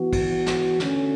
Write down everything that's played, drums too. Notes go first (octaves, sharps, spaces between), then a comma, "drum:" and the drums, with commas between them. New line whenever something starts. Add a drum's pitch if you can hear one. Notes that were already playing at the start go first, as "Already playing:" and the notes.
Already playing: E3 B3 F#4
drum: kick, cymbal
drum: snare
D3 A3 C#4, drum: snare